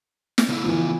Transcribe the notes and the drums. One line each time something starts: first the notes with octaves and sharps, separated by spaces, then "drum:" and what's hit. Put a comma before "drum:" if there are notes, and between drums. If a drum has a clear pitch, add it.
drum: snare
C#3 B3 E4
E3 F3